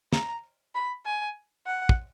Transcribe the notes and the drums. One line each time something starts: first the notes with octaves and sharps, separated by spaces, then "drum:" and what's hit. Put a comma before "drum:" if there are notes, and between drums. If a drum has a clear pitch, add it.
A#5, drum: snare
B5
G#5
F#5
drum: kick